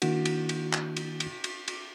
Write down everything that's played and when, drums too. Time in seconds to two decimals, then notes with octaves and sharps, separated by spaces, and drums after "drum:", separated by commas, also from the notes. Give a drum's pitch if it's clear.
0.02 D#3 A#3 D4 E4 F#4, drum: cymbal
0.25 drum: cymbal
0.49 drum: cymbal
0.73 drum: clap
0.97 drum: cymbal
1.20 drum: cymbal
1.44 drum: cymbal
1.68 drum: cymbal